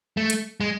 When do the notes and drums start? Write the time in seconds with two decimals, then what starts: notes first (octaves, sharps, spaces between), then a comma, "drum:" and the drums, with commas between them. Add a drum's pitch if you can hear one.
0.17 A3
0.30 drum: hi-hat
0.61 G#3